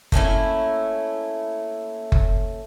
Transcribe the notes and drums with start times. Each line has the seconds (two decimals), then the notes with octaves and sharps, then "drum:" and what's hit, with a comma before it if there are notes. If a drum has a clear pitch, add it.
0.12 A3 A#3 C#4 E4, drum: kick F#1
2.12 drum: kick F#1